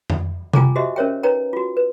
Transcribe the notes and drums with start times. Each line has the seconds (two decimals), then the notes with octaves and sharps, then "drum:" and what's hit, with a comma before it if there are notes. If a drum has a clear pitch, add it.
0.10 drum: tom F2
0.53 F4 G5 G#5 A#5 D6, drum: tom C3
0.76 F#4 G4 C5 D#5 E5
0.96 C#4 A#4 C5 C#5 E5 G5
1.23 D#4 B4 C#5 G5 A#5
1.53 F4 F#4
1.77 B4